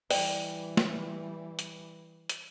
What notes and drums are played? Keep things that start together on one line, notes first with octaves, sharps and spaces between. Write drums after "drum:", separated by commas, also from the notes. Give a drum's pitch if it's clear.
E3 G3 D5 G5, drum: open hi-hat
drum: snare
drum: hi-hat
drum: hi-hat